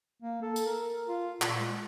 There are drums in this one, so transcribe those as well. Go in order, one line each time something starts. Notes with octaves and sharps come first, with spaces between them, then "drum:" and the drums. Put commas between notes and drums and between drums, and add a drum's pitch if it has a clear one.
A#3
A4
drum: tambourine
A#4
F4
A#2, drum: clap
G#3